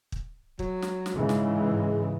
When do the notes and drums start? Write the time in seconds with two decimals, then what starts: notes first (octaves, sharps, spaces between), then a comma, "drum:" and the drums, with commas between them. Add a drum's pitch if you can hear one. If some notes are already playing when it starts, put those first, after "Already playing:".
0.12 drum: kick
0.59 F#3, drum: kick
0.82 drum: snare
1.06 drum: snare
1.16 G#2 C#3 E3 G#3
1.29 drum: snare